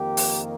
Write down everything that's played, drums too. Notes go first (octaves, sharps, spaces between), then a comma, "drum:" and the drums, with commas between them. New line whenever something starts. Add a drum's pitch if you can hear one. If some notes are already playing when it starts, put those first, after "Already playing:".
Already playing: F2 D#3 A#3 G4
drum: open hi-hat